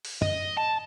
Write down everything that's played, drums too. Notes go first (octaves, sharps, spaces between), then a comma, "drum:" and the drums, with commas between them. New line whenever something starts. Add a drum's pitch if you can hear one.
drum: open hi-hat
D#5, drum: tom F#2
A5